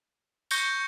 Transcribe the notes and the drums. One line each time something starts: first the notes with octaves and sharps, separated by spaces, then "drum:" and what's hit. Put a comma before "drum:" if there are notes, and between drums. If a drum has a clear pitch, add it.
C#6 G6 A#6 C#7 G7, drum: tambourine